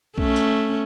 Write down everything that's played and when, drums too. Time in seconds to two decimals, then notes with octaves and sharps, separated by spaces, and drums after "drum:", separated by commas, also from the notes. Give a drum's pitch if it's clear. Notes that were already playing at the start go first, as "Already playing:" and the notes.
0.18 A3 C#4, drum: kick B1
0.36 drum: hi-hat